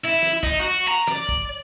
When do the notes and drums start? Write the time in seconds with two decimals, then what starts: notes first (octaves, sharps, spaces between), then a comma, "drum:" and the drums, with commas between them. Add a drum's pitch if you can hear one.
0.05 E4
0.23 drum: snare
0.43 D#4, drum: kick
0.59 F#4
0.88 A#5
1.07 D5, drum: snare
1.29 drum: kick